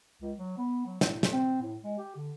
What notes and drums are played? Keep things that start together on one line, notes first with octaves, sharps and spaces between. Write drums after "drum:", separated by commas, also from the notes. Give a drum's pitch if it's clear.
C#2
F#3
B3
F#3
A2, drum: snare
drum: snare
C4
A2
G#3
G4
D3